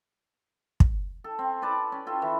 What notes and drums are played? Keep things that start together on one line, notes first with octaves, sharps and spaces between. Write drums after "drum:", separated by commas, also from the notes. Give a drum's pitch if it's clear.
drum: kick
A4
C4
B4 D5 A5
C#4
F4 A4 G5
E3